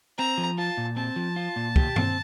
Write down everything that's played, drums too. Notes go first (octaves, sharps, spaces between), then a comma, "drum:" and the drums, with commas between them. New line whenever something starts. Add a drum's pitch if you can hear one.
C4 A#5
F3
F4 A5
A#2
C4 A5
F3
F4
A#2
G4, drum: kick
C4, drum: tom G2